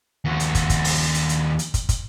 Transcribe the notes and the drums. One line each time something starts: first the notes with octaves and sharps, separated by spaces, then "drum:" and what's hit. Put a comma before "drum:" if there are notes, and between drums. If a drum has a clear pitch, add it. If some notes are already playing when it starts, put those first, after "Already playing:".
D#2 F#4
drum: hi-hat
drum: kick, hi-hat
drum: kick, hi-hat
drum: open hi-hat
drum: hi-hat
drum: hi-hat
drum: hi-hat
drum: kick, hi-hat
drum: kick, hi-hat